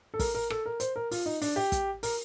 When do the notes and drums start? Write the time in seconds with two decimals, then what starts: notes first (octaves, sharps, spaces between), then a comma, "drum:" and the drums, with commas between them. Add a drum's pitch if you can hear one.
0.14 A4
0.19 A#4, drum: kick, open hi-hat
0.35 A#4
0.50 A4, drum: rim click
0.66 A#4
0.80 C5, drum: hi-hat
0.96 A#4
1.11 F4, drum: open hi-hat
1.26 D#4
1.42 D4, drum: open hi-hat
1.56 G4
1.72 drum: kick, hi-hat
2.03 A#4, drum: open hi-hat